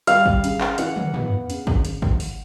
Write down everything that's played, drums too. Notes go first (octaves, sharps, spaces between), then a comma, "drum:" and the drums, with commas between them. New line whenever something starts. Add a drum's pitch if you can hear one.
G3 F5, drum: hi-hat
drum: kick
C#3, drum: hi-hat
drum: clap
E3 F#5, drum: hi-hat
drum: tom
B3, drum: tom
C#3, drum: hi-hat
drum: kick
drum: hi-hat
drum: kick
drum: open hi-hat